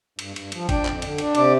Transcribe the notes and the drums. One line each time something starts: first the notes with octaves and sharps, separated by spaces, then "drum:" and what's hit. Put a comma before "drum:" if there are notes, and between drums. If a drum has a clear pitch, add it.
G2, drum: cymbal
G2, drum: cymbal
F3, drum: cymbal
D4 G5, drum: kick G1, cymbal
F2, drum: clap
D3, drum: cymbal
D4, drum: cymbal
C3 D5, drum: cymbal